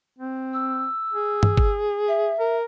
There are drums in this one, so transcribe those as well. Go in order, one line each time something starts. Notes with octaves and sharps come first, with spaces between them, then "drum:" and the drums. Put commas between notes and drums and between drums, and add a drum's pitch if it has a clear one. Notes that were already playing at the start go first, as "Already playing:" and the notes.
C4
E6
G#4
drum: tom G2
drum: kick G1
E5
A#4